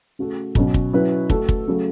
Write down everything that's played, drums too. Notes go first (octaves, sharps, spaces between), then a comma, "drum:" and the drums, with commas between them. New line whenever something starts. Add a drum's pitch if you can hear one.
C#3 A3 F#4 A4
B2 F#3 C#4, drum: kick
drum: kick
F#3 C#4 E4 B4
A3 F#4 A4, drum: kick
drum: kick
C#3 F#3 A3